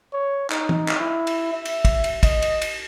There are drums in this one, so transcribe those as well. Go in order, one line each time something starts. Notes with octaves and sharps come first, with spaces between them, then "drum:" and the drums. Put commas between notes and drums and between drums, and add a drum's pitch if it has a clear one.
C#5
D#4, drum: clap
drum: tom
drum: clap
E4
drum: cymbal
E5
drum: cymbal
drum: kick, cymbal
drum: cymbal
D#5, drum: kick, cymbal
drum: cymbal
drum: cymbal